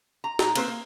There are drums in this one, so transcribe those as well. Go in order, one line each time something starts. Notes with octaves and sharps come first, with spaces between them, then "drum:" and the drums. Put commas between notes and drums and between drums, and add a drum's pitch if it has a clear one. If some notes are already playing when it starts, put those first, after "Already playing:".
A#5
A2 G#3 D#4 A#5, drum: snare
A#3 C4 B4 C5, drum: cymbal
A#3